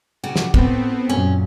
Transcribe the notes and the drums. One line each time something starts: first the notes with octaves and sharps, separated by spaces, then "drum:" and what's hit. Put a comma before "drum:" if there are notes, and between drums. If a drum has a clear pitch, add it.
C#3 F#4 G4
drum: snare
A2 B3 C4, drum: kick
F#2 A#2 C#4